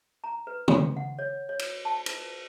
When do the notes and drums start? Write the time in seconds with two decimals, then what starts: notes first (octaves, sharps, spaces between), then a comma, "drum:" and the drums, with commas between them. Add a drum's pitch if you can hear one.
0.24 A#5
0.47 B4
0.68 G5, drum: tom
0.97 F#5
1.19 C#5
1.49 C#5
1.59 drum: cymbal
1.85 A5
2.06 F4, drum: cymbal